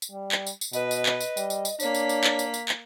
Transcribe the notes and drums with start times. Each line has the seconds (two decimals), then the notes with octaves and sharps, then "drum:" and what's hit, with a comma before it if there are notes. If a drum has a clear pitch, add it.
0.02 drum: tambourine
0.12 G3
0.32 drum: clap
0.47 drum: tambourine
0.61 drum: tambourine
0.73 B2 B4 D#5, drum: tambourine
0.91 drum: tambourine
1.06 drum: clap
1.21 drum: tambourine
1.37 G3, drum: tambourine
1.50 drum: tambourine
1.65 drum: tambourine
1.80 A#3 D4 C#5 B6, drum: tambourine
1.95 drum: tambourine
2.09 drum: tambourine
2.24 drum: clap
2.39 drum: tambourine
2.54 drum: tambourine
2.69 drum: clap